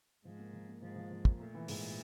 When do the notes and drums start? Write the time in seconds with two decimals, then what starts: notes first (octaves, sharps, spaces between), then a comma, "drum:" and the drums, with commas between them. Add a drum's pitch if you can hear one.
0.25 G#2 F3
0.39 A#3
0.53 F3
0.68 A#3
0.82 G#2 F3
0.96 F3
1.11 F3
1.25 A#3, drum: kick
1.40 A#2 A3
1.54 E3
1.68 G#2, drum: open hi-hat